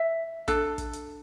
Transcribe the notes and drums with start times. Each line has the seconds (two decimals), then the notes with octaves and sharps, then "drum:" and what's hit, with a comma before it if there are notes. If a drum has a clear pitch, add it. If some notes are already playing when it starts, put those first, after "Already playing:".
Already playing: E5
0.48 D4 A4, drum: kick, hi-hat
0.78 drum: kick, hi-hat
0.93 drum: hi-hat